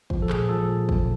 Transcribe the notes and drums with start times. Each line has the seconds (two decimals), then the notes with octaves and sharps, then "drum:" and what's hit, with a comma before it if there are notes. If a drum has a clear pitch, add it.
0.10 F3, drum: kick
0.22 A4
0.30 A#2 G#4, drum: clap
0.49 F3 A4
0.69 A#2
0.89 F2, drum: kick